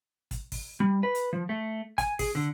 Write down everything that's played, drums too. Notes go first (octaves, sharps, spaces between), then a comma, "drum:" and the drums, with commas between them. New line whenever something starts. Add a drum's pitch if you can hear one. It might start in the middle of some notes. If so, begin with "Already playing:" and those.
drum: kick, hi-hat
drum: kick, open hi-hat
G3
B4
drum: hi-hat
F3
A3
G#5, drum: kick, hi-hat
G#4, drum: kick, open hi-hat
D3